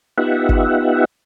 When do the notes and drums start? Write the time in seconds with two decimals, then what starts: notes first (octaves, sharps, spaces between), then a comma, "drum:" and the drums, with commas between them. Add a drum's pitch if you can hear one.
0.18 B3 D#4 F4 G4 E5 F#5
0.49 drum: kick G1